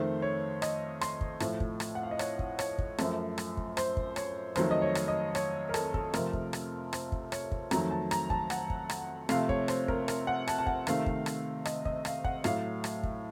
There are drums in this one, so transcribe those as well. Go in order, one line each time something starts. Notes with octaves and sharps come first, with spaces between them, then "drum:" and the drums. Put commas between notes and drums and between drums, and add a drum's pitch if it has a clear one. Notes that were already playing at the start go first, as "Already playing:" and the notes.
Already playing: F2 D#3 A3 C5
C#5
D#5, drum: rim click
C6, drum: rim click
drum: kick
A2 F3 A3, drum: rim click
drum: kick
drum: rim click
F#5
F5
D#5
C#5, drum: rim click
drum: kick
C#5, drum: rim click
drum: kick
F#2 F3 A3, drum: rim click
drum: rim click
drum: kick
C5, drum: rim click
drum: kick
C#5, drum: rim click
F2 D#3 F#3 A3 C5, drum: rim click
D#5
C#5
drum: rim click
D#5
C#5, drum: rim click
A#4
A4, drum: rim click
A4, drum: kick
F2 C3 F3 A3 A#4, drum: rim click
drum: kick
drum: rim click
C5, drum: rim click
drum: kick
C#5, drum: rim click
drum: kick
F2 D#3 F#3 A3 A#5, drum: rim click
A5
A#5, drum: rim click
A5, drum: kick
F#5, drum: rim click
drum: kick
drum: rim click
C3 F3 A3 F5, drum: rim click
C#5, drum: kick
C5, drum: rim click
A#4, drum: kick
A#4, drum: rim click
F#5
A5, drum: rim click
A5
F#5, drum: kick
C3 D#3 A3 F5, drum: rim click
drum: kick
drum: rim click
D#5, drum: rim click
D#5, drum: kick
F5, drum: rim click
F#5, drum: kick
A2 F#3 A3 F5, drum: rim click
drum: rim click
drum: kick